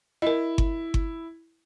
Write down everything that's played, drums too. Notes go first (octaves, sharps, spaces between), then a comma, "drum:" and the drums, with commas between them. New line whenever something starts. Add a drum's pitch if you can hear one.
E4 A#4 D#5
drum: kick G1
drum: kick G1